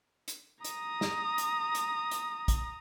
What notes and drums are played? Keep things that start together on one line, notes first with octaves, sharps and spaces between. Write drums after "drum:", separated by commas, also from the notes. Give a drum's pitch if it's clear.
drum: hi-hat
A#5 D#6, drum: hi-hat
drum: snare
drum: hi-hat
drum: hi-hat
drum: hi-hat
drum: kick, hi-hat